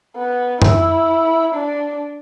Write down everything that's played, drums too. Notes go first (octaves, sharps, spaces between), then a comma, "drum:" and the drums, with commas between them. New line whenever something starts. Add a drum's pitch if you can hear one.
B3
E4, drum: tom F#2
D4